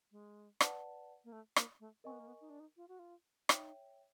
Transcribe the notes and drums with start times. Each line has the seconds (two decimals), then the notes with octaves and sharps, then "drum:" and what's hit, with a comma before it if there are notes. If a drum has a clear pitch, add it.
0.11 G#3
0.60 B4 D5 F#5 A5, drum: rim click
1.24 A#3
1.32 A3
1.56 A#3, drum: rim click
1.80 A3
2.04 C4 A#4 D#5 G#5 C#6
2.12 B3
2.19 A#3
2.27 B3
2.41 D#4
2.50 D4
2.60 D#4
2.77 F4
2.88 F#4
2.99 F4
3.49 D#4 C#5 E5 G5, drum: rim click